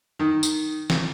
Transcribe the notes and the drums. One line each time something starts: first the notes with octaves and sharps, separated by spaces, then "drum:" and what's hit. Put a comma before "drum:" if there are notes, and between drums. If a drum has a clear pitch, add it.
D#3
drum: tambourine
drum: snare